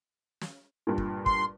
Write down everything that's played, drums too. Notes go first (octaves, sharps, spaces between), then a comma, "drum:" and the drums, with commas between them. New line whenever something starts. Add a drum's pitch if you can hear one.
drum: snare
G2 A#2
drum: kick
C6, drum: kick